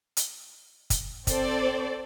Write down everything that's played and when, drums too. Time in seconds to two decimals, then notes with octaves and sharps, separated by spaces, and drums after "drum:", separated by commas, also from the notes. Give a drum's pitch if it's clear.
0.17 drum: hi-hat
0.90 drum: kick, hi-hat
1.27 C4 A4 C5 D5, drum: kick, hi-hat